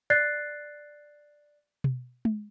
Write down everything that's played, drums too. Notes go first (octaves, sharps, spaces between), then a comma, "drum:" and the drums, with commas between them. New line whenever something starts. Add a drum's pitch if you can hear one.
D5 F#6 A6 C7
drum: tom B2
drum: tom G#3